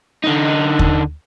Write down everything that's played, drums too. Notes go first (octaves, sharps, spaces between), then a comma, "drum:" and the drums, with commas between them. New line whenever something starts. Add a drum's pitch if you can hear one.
D3 D#4
drum: kick D#2